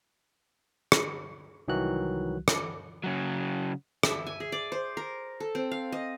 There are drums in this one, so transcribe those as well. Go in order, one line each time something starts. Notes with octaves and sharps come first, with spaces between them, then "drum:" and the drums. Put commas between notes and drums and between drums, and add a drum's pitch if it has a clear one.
drum: rim click
C2 D#3 E3 F#3 F#4 F#6
drum: rim click
C#3 F#3
E5, drum: rim click
G#5
G#4
D5
C5
A#4
A4
C4
F5
D#5